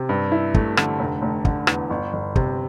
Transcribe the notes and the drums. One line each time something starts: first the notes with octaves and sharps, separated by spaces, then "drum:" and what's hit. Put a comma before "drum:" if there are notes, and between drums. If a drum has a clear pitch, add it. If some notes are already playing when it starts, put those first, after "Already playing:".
Already playing: C3
G2
E4
A3, drum: kick
D3, drum: rim click
F1
F1
D3, drum: kick
E2, drum: rim click
G1
G1
C3, drum: kick